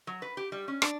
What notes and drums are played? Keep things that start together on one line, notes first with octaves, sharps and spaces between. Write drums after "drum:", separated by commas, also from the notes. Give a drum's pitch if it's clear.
F#3
B4
G4
G3
C#4
D4, drum: rim click